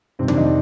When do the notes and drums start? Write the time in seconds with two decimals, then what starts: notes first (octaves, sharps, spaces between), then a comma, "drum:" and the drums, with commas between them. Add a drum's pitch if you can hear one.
0.19 F2 C3 D#3 G3 C4
0.28 D4, drum: tom
0.38 D#4